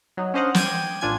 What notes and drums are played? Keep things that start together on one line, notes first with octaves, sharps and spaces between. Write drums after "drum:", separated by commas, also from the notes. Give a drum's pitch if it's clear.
F#3 D#4
C#4 D4 C5 D#5 F5 F#5
G5 D6 G6 G#6 D#7, drum: snare
A1 D4 F4 G#5 G#6